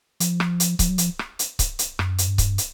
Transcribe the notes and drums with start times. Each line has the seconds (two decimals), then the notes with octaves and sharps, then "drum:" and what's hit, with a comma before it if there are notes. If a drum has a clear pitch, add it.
0.20 F3, drum: hi-hat
0.40 drum: rim click
0.60 drum: hi-hat
0.79 F3, drum: kick C#1, hi-hat
0.89 F#3
0.98 F3, drum: hi-hat
1.19 drum: rim click
1.39 drum: hi-hat
1.59 drum: kick C#1, hi-hat
1.79 drum: hi-hat
1.99 F#2, drum: rim click
2.18 drum: hi-hat
2.28 G2
2.38 drum: kick C#1, hi-hat
2.58 drum: hi-hat